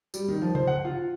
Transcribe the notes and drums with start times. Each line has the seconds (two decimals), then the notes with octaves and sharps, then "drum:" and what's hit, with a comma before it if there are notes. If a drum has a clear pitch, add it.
0.14 G3, drum: tambourine
0.28 D#3
0.42 F3
0.55 C5, drum: tom C3
0.67 F#5
0.85 F4